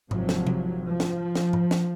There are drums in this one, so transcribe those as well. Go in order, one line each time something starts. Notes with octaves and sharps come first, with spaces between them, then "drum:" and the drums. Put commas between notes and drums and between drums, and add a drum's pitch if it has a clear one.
G#1 C3 F3 F#3, drum: tom G#2
drum: snare
drum: tom C3
F3
drum: snare
drum: snare
drum: tom G#2
drum: snare